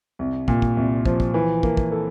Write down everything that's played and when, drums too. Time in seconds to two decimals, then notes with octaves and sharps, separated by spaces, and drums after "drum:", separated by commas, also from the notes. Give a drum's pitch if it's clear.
0.19 C2
0.48 A#2, drum: kick
0.62 drum: kick
0.77 C2
1.05 F3, drum: kick
1.20 drum: kick
1.34 E3
1.63 A#3, drum: kick
1.77 drum: kick
1.92 A4